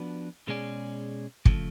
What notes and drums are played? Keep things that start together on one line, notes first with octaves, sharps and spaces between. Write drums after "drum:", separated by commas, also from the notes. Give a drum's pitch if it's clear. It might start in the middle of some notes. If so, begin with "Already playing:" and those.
Already playing: F3 B3 D4 F#4 B4
B2 G#3 C#4 G#4 D5
C#3 F3 A3, drum: kick